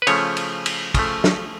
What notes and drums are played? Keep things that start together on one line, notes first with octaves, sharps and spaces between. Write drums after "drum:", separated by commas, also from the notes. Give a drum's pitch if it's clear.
B4
C#3 F3 A3 C#5, drum: cymbal
drum: cymbal
drum: cymbal
C#3 F3 A3, drum: kick, cymbal
drum: snare